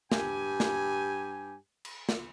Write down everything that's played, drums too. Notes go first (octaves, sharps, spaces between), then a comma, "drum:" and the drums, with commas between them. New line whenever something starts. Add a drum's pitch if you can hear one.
G2 G4 G#5, drum: snare
drum: snare
drum: cymbal
drum: snare